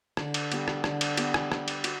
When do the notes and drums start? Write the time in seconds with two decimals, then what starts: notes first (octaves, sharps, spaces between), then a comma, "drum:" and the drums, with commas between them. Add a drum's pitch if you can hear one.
0.17 D3, drum: rim click
0.34 drum: cymbal
0.52 G3 B3, drum: cymbal
0.68 drum: rim click
0.84 D3, drum: rim click
1.01 drum: cymbal
1.17 G3 B3, drum: cymbal
1.34 drum: rim click
1.52 G3, drum: rim click
1.68 drum: cymbal
1.84 F#4, drum: cymbal